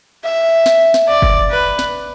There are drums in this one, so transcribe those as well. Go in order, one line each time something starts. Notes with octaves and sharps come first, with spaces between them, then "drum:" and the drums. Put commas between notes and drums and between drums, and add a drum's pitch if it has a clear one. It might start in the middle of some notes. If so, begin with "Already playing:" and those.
E5
drum: snare
drum: snare
D5
drum: kick
B4
drum: snare